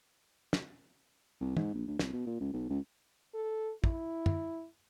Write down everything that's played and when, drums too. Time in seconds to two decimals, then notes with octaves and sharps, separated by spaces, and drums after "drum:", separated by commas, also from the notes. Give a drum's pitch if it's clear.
0.53 drum: snare
1.41 C2
1.57 G#2, drum: tom
1.74 A#1
1.88 D2
1.99 C2, drum: snare
2.13 B2
2.27 A#2
2.40 C#2
2.53 B1
2.70 C#2
3.34 A4
3.84 E4, drum: kick
4.26 drum: tom F#2